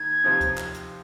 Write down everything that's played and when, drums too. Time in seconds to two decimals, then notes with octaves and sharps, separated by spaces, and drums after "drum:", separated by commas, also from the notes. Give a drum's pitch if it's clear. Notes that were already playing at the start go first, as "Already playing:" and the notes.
Already playing: D#2 D#3 G#6
0.24 C3 F3 C4 D#4
0.41 drum: kick, hi-hat
0.58 drum: clap
0.74 drum: hi-hat